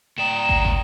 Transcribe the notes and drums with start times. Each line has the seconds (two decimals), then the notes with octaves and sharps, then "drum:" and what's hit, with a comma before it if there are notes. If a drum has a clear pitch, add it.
0.18 A2 D5 G5 A#5 D#6 E7
0.49 drum: kick
0.65 drum: kick